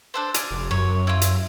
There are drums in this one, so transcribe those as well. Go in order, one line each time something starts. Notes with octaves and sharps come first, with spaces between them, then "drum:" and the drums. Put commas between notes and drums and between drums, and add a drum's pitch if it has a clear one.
D4 A4 C5
D5 G#5 F6, drum: hi-hat
F1
F#2 C#5
E4 F4
drum: hi-hat